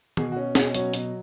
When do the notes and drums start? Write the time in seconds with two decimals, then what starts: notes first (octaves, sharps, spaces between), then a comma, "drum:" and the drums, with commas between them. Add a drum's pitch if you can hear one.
0.17 B2 G#4, drum: tom D#3
0.32 F#4
0.36 C#4
0.55 B2, drum: snare
0.60 G#4
0.74 F#3 C#4 C#5, drum: hi-hat
0.93 B2, drum: hi-hat